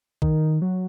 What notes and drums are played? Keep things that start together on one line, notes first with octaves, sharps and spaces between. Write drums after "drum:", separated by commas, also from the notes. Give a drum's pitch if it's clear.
D#3, drum: kick A#1
F#3